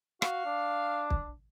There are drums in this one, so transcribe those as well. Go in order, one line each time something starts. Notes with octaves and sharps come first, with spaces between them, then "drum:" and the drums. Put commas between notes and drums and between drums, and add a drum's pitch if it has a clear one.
F#4 F5, drum: rim click
D4
drum: kick